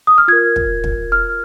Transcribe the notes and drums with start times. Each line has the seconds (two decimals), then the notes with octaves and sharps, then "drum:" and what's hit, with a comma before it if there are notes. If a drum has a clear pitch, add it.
0.07 D#6
0.18 F6
0.28 F4 A#4 G#6
0.56 drum: kick
0.84 drum: kick
1.12 F6